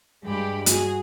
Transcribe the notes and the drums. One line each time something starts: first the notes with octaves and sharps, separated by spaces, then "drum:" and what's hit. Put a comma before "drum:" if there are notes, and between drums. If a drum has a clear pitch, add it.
G2 G#3 G4 B5
F#4 G#4, drum: hi-hat